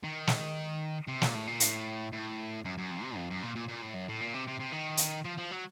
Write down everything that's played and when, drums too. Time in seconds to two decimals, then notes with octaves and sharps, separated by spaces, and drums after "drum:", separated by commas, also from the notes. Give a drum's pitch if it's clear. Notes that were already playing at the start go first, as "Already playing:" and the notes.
0.04 D#3
0.27 drum: snare
1.08 C3
1.22 A#2, drum: snare
1.34 A2
1.47 A#2
1.60 A2, drum: hi-hat
2.12 A2
2.65 F#2
2.78 F#2
2.91 F2
3.03 C3
3.17 F2
3.30 F#2
3.43 A#2
3.55 A#2
3.68 A#2
3.82 A2
3.94 F#2
4.08 A2
4.21 A#2
4.34 C3
4.47 C3
4.60 C3
4.72 D#3
4.97 drum: hi-hat
5.25 F3
5.38 F3
5.51 F#3